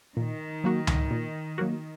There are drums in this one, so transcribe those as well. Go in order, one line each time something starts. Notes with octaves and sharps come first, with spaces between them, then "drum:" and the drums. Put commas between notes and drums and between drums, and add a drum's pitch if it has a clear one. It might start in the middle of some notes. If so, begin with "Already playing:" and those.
A#2 D#3
F#3 A#3 F#4
drum: tom C#2
A#2
F#3 A#3 F#4